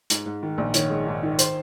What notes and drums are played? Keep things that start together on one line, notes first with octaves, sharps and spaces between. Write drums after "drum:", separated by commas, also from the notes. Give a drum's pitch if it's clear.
G#2, drum: hi-hat
G#2
D#3
A#1
D#3 C#5, drum: hi-hat
G#3
G#2
D#3
C5, drum: hi-hat